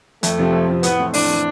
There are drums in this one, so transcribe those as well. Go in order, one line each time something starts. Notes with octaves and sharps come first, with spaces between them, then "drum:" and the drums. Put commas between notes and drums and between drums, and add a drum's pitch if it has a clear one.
F2 A3, drum: hi-hat
C3 F3 C4
F2
C3 F3 C4
A2 B3, drum: hi-hat
E3 A3 C4
A2 D4, drum: open hi-hat
E3 A3 C4